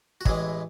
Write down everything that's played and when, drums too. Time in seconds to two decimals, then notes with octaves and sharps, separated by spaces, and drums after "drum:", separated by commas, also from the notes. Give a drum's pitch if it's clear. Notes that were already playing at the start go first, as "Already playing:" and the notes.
0.21 F#4
0.25 A1 A2 E3 G#3 G#4, drum: kick